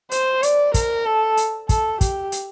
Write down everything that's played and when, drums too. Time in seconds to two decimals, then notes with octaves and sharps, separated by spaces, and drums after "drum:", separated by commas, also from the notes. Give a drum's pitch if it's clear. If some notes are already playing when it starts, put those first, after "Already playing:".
0.11 C5, drum: hi-hat
0.43 D5, drum: hi-hat
0.74 A#4, drum: kick, hi-hat
1.06 A4
1.37 drum: hi-hat
1.69 A4, drum: kick, hi-hat
2.01 G4, drum: kick, hi-hat
2.32 drum: hi-hat